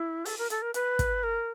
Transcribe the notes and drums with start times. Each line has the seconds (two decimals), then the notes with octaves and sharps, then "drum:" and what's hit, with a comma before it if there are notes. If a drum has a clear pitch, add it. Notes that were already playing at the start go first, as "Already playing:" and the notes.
Already playing: E4
0.25 A4, drum: open hi-hat
0.38 A#4
0.50 A4, drum: hi-hat
0.62 A#4
0.74 B4, drum: hi-hat
0.99 drum: kick, hi-hat
1.23 A#4